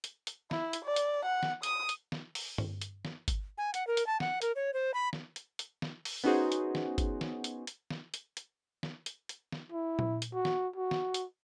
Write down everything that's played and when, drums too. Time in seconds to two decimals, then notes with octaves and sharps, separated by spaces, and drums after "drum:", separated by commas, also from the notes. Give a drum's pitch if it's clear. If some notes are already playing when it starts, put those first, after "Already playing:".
0.04 drum: hi-hat
0.27 drum: hi-hat
0.51 E4, drum: snare
0.73 drum: hi-hat
0.84 D5
0.96 drum: hi-hat
1.25 F#5
1.43 drum: snare
1.63 D#6, drum: hi-hat
1.89 drum: hi-hat
2.12 drum: snare
2.35 drum: open hi-hat
2.58 drum: tom G2
2.81 drum: hi-hat
3.05 drum: snare
3.28 drum: kick G1, hi-hat
3.58 G#5
3.74 F#5, drum: hi-hat
3.87 A#4
3.97 drum: hi-hat
4.07 A5
4.20 F#5, drum: snare
4.42 A#4, drum: hi-hat
4.55 C#5
4.73 C5
4.94 B5
5.13 drum: snare
5.36 drum: hi-hat
5.59 drum: hi-hat
5.82 drum: snare
6.05 drum: open hi-hat
6.24 B3 C#4 D#4 F#4 G#4 C5
6.52 drum: hi-hat
6.75 drum: snare
6.98 drum: kick G1, hi-hat
7.21 drum: snare
7.44 drum: hi-hat
7.67 drum: hi-hat
7.91 drum: snare
8.14 drum: hi-hat
8.37 drum: hi-hat
8.83 drum: snare
9.06 drum: hi-hat
9.29 drum: hi-hat
9.52 drum: snare
9.72 E4
9.99 drum: tom A#2
10.22 drum: hi-hat
10.34 F#4
10.45 drum: snare
10.76 F#4
10.91 drum: snare
11.14 drum: hi-hat